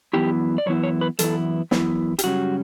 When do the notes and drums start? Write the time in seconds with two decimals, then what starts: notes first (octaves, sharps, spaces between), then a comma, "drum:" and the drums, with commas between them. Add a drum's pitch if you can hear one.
0.13 F#2 E3 B3 E4 G4
0.58 D5
0.66 F#2 E3 B3 E4 C#5
0.83 C#5
1.01 B4
1.19 F#2 E3 B3 E4 A4, drum: hi-hat
1.71 F#2 E3 B3 E4, drum: snare
2.19 G4, drum: hi-hat
2.24 F#2 C#3 G3 C#4 F#4